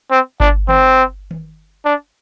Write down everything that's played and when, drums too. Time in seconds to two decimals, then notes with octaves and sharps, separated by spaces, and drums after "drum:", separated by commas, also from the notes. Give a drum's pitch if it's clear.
0.11 C4
0.40 D4, drum: kick G1
0.69 C4, drum: tom D#3
1.31 drum: tom D#3
1.85 D4